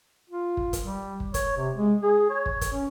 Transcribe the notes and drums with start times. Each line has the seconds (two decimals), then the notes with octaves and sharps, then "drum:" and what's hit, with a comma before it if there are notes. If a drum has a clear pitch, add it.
0.30 F4
0.57 drum: kick
0.73 drum: kick, hi-hat
0.82 G3
1.20 drum: kick
1.34 C#5, drum: kick, hi-hat
1.57 C3
1.76 G#3
2.03 G#4
2.30 C#5
2.46 drum: kick
2.61 drum: kick, hi-hat
2.73 C#4